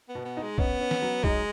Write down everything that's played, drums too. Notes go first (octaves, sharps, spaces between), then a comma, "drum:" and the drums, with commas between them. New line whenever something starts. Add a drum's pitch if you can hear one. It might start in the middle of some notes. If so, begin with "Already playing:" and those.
B3
B2
B3
D#4
G#3
B3 C#4, drum: kick B1
C#4
drum: snare
F#3
G#3 D#4, drum: kick B1